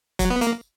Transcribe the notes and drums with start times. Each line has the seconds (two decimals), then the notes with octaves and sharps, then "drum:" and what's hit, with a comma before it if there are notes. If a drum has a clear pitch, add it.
0.19 F#3, drum: kick, hi-hat
0.30 B3
0.41 A#3, drum: hi-hat